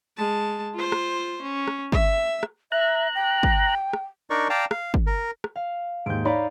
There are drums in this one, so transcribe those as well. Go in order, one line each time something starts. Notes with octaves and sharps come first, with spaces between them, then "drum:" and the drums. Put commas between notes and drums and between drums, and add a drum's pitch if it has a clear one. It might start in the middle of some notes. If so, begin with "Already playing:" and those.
G#3 A5
F4 C5
drum: rim click
C#4
drum: rim click
E5, drum: kick
drum: rim click
E5 A#5 F#6
G5
drum: kick
drum: rim click
D4 D#4 A#4 D5 C#6
D5 F5 G5 A5 A#5
F5, drum: rim click
drum: kick
A#4
drum: rim click
F5
D#2 G#2 G6 D7
D#4 C#5 D5 F5 A#5 B5